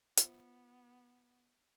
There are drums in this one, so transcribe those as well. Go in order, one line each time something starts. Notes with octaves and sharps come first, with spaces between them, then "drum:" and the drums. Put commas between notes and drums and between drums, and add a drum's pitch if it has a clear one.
B3 F4 C5 E5, drum: hi-hat